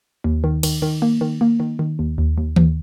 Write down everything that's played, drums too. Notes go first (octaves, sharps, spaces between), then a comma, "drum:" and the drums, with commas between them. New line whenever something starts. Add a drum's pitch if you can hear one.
D#2
D#3
D#3, drum: cymbal
D#3
A#3
D#3
A#3
D#3
D#3
D#2
D#2
D#2
D#2, drum: tom D#3